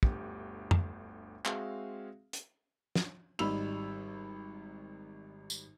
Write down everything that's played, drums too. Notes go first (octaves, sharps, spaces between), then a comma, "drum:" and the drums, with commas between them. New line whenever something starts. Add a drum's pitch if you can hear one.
G1 D2 G4, drum: kick
drum: tom
G#3 C4 F#4 G#4 E5 F5, drum: clap
drum: hi-hat
drum: snare
G#1 G3 D#4 B5 E6 F7, drum: cymbal
drum: tambourine